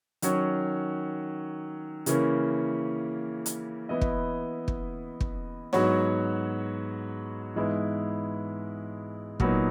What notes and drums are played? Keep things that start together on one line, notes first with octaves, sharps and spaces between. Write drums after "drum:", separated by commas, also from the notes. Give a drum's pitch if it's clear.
D#3 F#3 C#4, drum: hi-hat
C#3 E3 A#3 C#4, drum: hi-hat
drum: hi-hat
E3 B3 E4 B4 D#5
drum: kick
drum: kick
drum: kick
G#2 F#3 B3 F#4 C#5, drum: snare
G#2 E3 G#3 B3 E4
A#2 F#3 B3 D#4, drum: kick